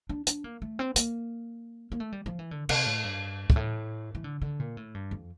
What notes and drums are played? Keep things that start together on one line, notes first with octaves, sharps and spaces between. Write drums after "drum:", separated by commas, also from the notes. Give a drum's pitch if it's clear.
D4
D4, drum: hi-hat
A#3
A3
C4
A#3, drum: hi-hat
A#3
A3
G3
F3
E3
D3
C3, drum: cymbal
A2
G2
G2, drum: kick
A2
E3
D3
D3
A#2
A2
G2
F2